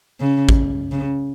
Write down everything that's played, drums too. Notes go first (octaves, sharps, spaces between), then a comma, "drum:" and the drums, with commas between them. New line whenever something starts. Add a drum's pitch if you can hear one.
C#3
drum: kick A1
C#3